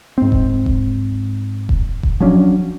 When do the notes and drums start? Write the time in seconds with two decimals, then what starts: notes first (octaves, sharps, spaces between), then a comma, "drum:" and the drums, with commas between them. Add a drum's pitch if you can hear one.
0.18 G#2 C4
0.32 drum: kick E1
0.66 drum: kick E1
1.69 drum: kick E1
2.03 drum: kick E1
2.20 F3 F#3 C#4 D4